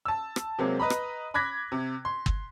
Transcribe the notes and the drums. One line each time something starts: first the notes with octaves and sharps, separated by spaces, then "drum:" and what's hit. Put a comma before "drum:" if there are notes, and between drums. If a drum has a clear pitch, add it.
A5 E6
drum: rim click
C3 F#3 G#3 A#3 C4
B4 D#5 A#5 B5
drum: rim click
B5 D6 F#6 G#6 A#6 B6
C3
C6
drum: kick